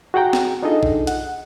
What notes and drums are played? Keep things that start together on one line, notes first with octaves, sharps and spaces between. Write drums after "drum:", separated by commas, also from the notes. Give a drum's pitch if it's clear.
F#4 G#4 F#5 G5 A#5
drum: snare
D4 D#4 F4 G#4 A4 D#5
drum: kick A#1
F#5, drum: hi-hat